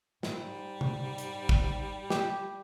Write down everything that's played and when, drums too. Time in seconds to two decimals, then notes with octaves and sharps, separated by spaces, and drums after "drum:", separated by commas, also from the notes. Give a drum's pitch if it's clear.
0.23 G#2 G3, drum: snare
0.81 drum: tom C3
1.18 drum: hi-hat
1.49 drum: kick
2.10 G4, drum: snare